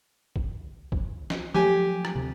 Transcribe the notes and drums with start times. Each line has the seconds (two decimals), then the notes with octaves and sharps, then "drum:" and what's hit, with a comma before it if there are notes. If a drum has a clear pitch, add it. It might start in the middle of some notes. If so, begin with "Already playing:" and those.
0.36 drum: kick
0.92 drum: kick
1.30 drum: snare
1.54 F3 F#3 A3 G4 G#5
2.05 drum: rim click
2.15 D2 C3